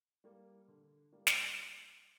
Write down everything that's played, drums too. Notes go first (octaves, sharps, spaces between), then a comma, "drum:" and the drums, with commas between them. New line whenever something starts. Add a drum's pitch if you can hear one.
G3 A#3
D3
G3 A#3
drum: snare